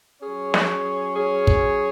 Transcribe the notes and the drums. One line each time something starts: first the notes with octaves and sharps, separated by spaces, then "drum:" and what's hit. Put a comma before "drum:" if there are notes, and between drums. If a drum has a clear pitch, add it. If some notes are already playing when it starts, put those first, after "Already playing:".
F#3 C#4 G#4 C#5
drum: snare
G#4 C#5
drum: kick